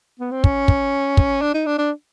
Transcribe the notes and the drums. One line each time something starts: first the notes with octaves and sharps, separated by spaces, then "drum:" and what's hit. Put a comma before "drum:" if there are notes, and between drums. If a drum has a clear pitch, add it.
B3
C4
C#4, drum: kick
drum: kick
drum: kick
D4
D#4
D4
D4